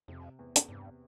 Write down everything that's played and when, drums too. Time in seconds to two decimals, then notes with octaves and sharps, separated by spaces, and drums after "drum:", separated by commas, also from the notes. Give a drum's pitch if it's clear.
0.08 F2 C3
0.39 E2
0.56 drum: hi-hat
0.69 G2 C3